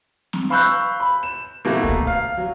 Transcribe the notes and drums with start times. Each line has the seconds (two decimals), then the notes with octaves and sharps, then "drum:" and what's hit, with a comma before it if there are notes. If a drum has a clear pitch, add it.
0.33 drum: snare C4
0.50 F5 B5 C#6 E6 F#6 G6
1.00 B5
1.23 E7
1.65 B2 A3 A#3
1.84 drum: kick C#2
2.07 F5
2.37 F#3